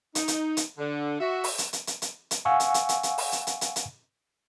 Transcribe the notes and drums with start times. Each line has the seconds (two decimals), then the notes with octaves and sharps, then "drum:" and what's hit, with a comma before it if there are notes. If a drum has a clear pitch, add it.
0.15 D#4, drum: hi-hat
0.28 drum: hi-hat
0.57 drum: hi-hat
0.78 D3
1.20 F#4 E5
1.44 drum: open hi-hat
1.58 drum: hi-hat
1.73 drum: hi-hat
1.87 drum: hi-hat
2.02 drum: hi-hat
2.31 drum: hi-hat
2.45 F5 F#5 G#5 C#6 E6
2.60 drum: hi-hat
2.74 drum: hi-hat
2.89 drum: hi-hat
3.03 drum: hi-hat
3.18 drum: open hi-hat
3.32 drum: hi-hat
3.47 drum: hi-hat
3.61 drum: hi-hat
3.76 drum: hi-hat